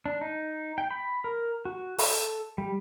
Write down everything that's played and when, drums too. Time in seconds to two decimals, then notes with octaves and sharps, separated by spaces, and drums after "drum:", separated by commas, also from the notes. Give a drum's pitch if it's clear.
0.06 D4
0.21 D#4
0.78 G5
0.91 B5
1.24 A#4
1.65 F#4
1.98 A4, drum: open hi-hat
2.58 G3